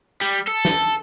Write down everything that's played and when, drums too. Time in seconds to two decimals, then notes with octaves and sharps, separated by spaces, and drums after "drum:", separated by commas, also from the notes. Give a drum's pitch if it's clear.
0.21 G3
0.47 A4
0.65 drum: snare